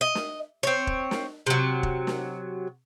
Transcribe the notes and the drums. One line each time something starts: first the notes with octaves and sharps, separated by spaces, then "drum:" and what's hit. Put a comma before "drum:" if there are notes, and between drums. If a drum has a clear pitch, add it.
D#5
drum: snare
C4 C#5
drum: kick
drum: snare
C3 F#3
drum: kick
drum: snare